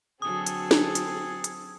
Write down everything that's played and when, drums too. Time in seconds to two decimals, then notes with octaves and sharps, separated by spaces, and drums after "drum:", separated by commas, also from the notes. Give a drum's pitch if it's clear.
0.22 D3 F#3 C4 G#4 A4 D#6
0.46 drum: hi-hat
0.71 drum: snare
0.95 drum: hi-hat
1.44 drum: hi-hat